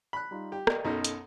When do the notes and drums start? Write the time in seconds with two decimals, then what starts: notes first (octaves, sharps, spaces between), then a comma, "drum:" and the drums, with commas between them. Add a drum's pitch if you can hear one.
0.13 B5 F#6
0.31 G3 D#4 F4
0.52 G4
0.67 D5 D#5 G5, drum: rim click
0.85 B1 F#2 D#4 A4 A#5
1.05 drum: hi-hat